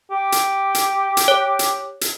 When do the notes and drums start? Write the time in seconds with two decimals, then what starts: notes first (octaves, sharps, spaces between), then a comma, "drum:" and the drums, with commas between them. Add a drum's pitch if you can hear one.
0.11 G4
0.32 drum: hi-hat
0.75 drum: hi-hat
1.17 drum: hi-hat
1.28 C#5
1.59 drum: hi-hat
2.01 drum: hi-hat